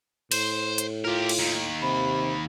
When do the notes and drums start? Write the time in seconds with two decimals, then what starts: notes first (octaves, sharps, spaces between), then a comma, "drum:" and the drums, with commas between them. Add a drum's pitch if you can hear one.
0.32 A2 C5, drum: cymbal
0.78 drum: hi-hat
1.04 F4 G4 A#4
1.29 drum: cymbal
1.39 D#2 D#3
1.82 C3 B5